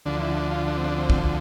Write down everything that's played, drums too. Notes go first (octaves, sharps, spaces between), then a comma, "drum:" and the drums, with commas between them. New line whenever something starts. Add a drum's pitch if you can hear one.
D2 D3 F3 D4
E4
D4
F4
D4
C4
D4
C4
drum: kick